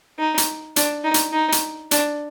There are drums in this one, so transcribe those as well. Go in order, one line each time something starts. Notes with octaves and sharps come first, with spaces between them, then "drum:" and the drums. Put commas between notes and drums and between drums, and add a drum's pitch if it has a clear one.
D#4
drum: hi-hat
D4, drum: hi-hat
D#4
drum: hi-hat
D#4
drum: hi-hat
D4, drum: hi-hat